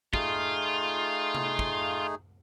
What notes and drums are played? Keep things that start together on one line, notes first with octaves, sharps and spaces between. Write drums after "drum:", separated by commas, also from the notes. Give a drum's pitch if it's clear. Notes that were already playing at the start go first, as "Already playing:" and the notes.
A3 D#4 F4 G#4, drum: kick
drum: tom C3
drum: kick